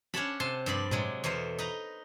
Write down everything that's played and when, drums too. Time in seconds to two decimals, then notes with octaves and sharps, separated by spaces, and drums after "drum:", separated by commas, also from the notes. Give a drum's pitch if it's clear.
0.14 C#4 D4 C#5 F#5 A5 B5, drum: snare
0.40 C3 A5 C6
0.66 G2 F3 D5 B5
0.91 C3 F#3 G#3, drum: tom A2
1.24 E2 B2 A3 C5 F5
1.59 D#4 B4 A#5